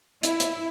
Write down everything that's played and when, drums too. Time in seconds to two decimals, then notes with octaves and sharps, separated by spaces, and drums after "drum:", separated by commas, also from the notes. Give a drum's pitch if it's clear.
0.23 E4, drum: hi-hat
0.40 drum: hi-hat